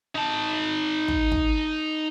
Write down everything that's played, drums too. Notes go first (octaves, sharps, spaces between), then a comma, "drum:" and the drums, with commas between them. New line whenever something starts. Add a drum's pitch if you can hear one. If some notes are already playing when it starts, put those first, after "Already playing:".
D#4 A5
drum: kick
drum: kick